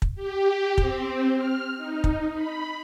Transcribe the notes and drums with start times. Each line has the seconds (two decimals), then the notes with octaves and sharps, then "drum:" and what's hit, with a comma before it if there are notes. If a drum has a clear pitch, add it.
0.02 drum: kick
0.15 G4
0.78 C4, drum: kick
1.36 F6
1.77 D#4
2.04 drum: kick
2.34 B5